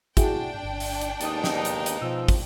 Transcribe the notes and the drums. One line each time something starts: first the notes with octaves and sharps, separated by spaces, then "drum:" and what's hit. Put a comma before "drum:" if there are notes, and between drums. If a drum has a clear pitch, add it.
D4 E4 F#4 G#4 G5, drum: kick, hi-hat
G1
drum: open hi-hat
drum: hi-hat
D#2 G#3 B3 D#4 A5 D#6, drum: hi-hat
drum: snare
drum: hi-hat
drum: hi-hat
B2 F3 E6
drum: kick, open hi-hat